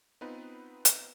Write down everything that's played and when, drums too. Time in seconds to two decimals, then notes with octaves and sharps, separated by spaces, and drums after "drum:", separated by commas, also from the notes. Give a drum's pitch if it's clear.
0.21 B3 C4 D#4 F4 B4
0.85 drum: hi-hat